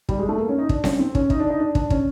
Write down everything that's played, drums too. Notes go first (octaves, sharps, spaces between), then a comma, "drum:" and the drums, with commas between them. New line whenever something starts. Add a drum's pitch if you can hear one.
G3, drum: kick
G#3
A3
A#3
C#4
D#4
D4, drum: kick
C#4, drum: snare C4
C4
C#4, drum: kick
D#4, drum: kick
D4
D#4
D4
D4, drum: kick
C#4, drum: kick